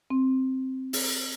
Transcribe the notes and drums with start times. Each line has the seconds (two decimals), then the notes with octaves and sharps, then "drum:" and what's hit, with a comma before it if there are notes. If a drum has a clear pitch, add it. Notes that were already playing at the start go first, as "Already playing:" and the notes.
0.10 C4
0.93 drum: open hi-hat